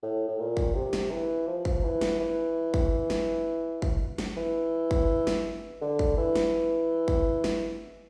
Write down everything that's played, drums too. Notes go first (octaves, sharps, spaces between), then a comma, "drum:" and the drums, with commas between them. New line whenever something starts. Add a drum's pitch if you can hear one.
A2
A2
A#2
drum: kick
C3
drum: snare
E3
F3
drum: kick
E3
drum: snare
E3
drum: kick
drum: snare
drum: kick
drum: snare
E3
drum: kick
drum: snare
D3
drum: kick
E3
drum: snare
drum: kick
drum: snare